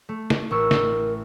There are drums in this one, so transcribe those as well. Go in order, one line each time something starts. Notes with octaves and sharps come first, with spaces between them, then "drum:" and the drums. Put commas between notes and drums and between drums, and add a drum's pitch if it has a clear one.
A3
drum: snare
A1 A#4 C#6 E6
drum: snare